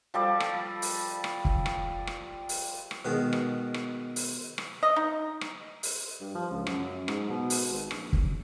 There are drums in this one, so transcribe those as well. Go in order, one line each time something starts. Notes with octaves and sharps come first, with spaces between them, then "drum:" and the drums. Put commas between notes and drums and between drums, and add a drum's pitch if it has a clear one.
F3 G3 A4 D5
drum: rim click
drum: open hi-hat
drum: rim click
drum: kick
drum: rim click
drum: rim click
drum: open hi-hat
drum: rim click
B2 D#3 G#3
drum: rim click
drum: rim click
drum: open hi-hat
drum: rim click
D#5
D#4
drum: rim click
drum: open hi-hat
G2
F3
C#2
F#2, drum: rim click
G#2, drum: rim click
B2
drum: open hi-hat
G#1
A#1, drum: rim click
drum: kick